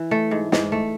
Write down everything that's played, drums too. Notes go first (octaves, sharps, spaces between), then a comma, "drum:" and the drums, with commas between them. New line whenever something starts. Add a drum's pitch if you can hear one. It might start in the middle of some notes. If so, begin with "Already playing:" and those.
Already playing: E3
A3
G#2
G#2, drum: snare
A3